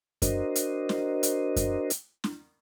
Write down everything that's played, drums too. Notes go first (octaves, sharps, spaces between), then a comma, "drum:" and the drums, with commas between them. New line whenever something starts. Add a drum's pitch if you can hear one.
D4 F#4 A#4 C5 D#5, drum: kick F#2, hi-hat
drum: hi-hat
drum: snare
drum: hi-hat
drum: kick F#2, hi-hat
drum: hi-hat
drum: snare